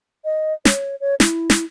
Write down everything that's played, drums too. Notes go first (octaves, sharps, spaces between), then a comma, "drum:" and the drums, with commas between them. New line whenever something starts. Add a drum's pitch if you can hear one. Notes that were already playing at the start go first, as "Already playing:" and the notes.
D#5
C#5, drum: snare
C#5
E4, drum: snare
drum: snare